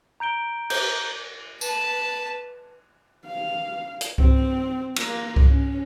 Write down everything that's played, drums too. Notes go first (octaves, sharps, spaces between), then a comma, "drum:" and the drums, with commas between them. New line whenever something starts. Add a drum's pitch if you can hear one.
A#5 G6 D7 G7
G6, drum: cymbal
B4 A5, drum: tambourine
F5
drum: hi-hat
C4, drum: kick C2
A#3 F4, drum: cymbal
drum: kick C2
C#4